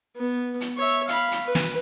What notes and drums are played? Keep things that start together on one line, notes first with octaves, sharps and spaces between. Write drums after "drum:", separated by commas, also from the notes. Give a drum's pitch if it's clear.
B3
drum: hi-hat
C#5 E5
F5 B5, drum: hi-hat
drum: hi-hat
B4
drum: snare